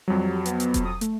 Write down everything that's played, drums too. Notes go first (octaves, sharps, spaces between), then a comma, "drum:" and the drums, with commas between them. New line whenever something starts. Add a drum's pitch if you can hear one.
F2 F#3 G3
B3, drum: hi-hat
drum: hi-hat
drum: kick E1, hi-hat
D#6
A3, drum: hi-hat